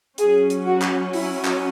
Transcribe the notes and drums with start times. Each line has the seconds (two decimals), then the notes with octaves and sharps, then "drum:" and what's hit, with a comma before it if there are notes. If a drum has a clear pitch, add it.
0.18 F#3 C#4 G#4, drum: hi-hat
0.50 drum: hi-hat
0.65 F#4
0.82 drum: clap
1.13 E4, drum: open hi-hat
1.45 drum: clap